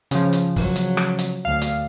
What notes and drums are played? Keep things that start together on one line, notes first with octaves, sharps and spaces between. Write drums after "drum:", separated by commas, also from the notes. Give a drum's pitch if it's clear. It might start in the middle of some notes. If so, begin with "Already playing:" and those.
C#3 F3, drum: hi-hat
drum: hi-hat
F#3, drum: kick, open hi-hat
drum: hi-hat
drum: rim click
drum: hi-hat
D2 F5
drum: hi-hat